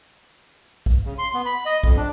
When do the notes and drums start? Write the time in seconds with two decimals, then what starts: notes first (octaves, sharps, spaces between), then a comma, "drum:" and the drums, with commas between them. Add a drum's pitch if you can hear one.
0.86 drum: kick
1.05 C#3
1.18 C6
1.34 B3
1.46 B5
1.66 D#5
1.84 F2, drum: kick
1.97 D4